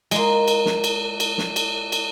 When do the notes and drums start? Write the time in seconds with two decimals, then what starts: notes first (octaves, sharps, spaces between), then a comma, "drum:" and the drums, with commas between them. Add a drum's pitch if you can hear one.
0.11 G#3 A#3, drum: cymbal
0.48 drum: cymbal
0.66 drum: snare
0.84 drum: cymbal
1.20 drum: cymbal
1.38 drum: snare
1.56 drum: cymbal
1.92 drum: cymbal